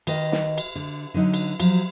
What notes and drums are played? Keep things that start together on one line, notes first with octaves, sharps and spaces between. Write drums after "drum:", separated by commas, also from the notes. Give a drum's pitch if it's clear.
D#3 B4 D#5, drum: cymbal
drum: snare
drum: cymbal
D3
D3 F#3 D#4
drum: cymbal
F3 F#3, drum: cymbal